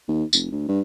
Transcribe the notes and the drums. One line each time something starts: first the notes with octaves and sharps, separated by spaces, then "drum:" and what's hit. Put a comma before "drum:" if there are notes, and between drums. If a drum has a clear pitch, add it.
D#2
F1, drum: tambourine
D2
G2